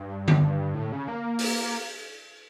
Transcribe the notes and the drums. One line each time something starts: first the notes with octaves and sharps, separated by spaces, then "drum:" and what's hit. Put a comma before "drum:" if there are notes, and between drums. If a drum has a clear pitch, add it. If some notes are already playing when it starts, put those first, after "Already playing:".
Already playing: G2
drum: tom D3
G2
A2
C#3
A#3
drum: open hi-hat